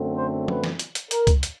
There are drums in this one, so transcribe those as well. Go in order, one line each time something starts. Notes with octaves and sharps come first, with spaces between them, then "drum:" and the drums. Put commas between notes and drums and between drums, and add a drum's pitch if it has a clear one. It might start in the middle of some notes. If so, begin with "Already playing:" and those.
Already playing: F#2 D3 F#3 A3 C4
C5
B4, drum: tom
drum: snare
drum: hi-hat
drum: hi-hat
A#4, drum: hi-hat
drum: kick C#2, hi-hat
drum: hi-hat